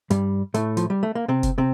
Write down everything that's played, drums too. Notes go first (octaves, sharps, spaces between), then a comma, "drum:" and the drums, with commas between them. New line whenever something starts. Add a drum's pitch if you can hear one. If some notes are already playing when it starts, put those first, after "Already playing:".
G2 G3, drum: hi-hat
A2 A3, drum: hi-hat
F3, drum: hi-hat
G3
A3
A#3
C3 C4
drum: kick F1, hi-hat
C3 C4